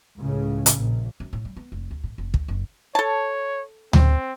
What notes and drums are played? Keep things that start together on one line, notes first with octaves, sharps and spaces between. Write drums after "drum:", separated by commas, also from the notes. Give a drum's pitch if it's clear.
C#2 A2 C#3
drum: hi-hat
A#1 A#2
F#2
A2
G3
B3
F1
D2
A2
F1
D2, drum: kick
F#1
A4 C#5 A5
C4, drum: tom D2